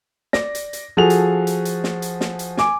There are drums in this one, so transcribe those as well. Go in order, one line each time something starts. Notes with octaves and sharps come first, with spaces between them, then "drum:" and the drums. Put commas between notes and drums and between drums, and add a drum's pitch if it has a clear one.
D5 A#6, drum: snare
drum: hi-hat
drum: hi-hat
F3 F#4 G#4 A4 F7
drum: hi-hat
drum: hi-hat
drum: hi-hat
drum: snare
drum: hi-hat
drum: snare
drum: hi-hat
G#5 D6, drum: snare